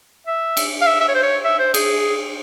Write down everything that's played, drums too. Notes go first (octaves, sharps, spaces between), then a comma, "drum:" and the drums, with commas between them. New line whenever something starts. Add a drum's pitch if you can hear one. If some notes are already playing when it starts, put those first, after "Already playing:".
E5
drum: cymbal
F5
E5
E5
C#5
C5
C#5
E5
C5
G#4, drum: cymbal